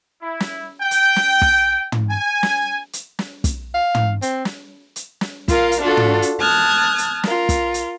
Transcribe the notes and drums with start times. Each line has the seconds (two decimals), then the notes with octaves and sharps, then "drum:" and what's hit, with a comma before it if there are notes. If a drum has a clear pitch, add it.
0.21 E4
0.40 drum: snare
0.82 G5
0.91 drum: hi-hat
1.16 drum: snare
1.42 drum: kick
1.92 drum: tom
2.10 G#5
2.43 drum: snare
2.93 drum: hi-hat
3.19 drum: snare
3.44 drum: kick, hi-hat
3.74 F5
3.95 drum: tom
4.22 C4, drum: hi-hat
4.45 drum: snare
4.96 drum: hi-hat
5.21 drum: snare
5.48 F4 A#4 F5, drum: kick, hi-hat
5.72 drum: hi-hat
5.82 D4 F4 F#4 A4
5.97 drum: tom
6.22 drum: hi-hat
6.40 A5 D#6 F6 F#6 G#6
6.98 drum: hi-hat
7.23 F4 A#4, drum: snare
7.49 drum: kick, hi-hat
7.74 drum: hi-hat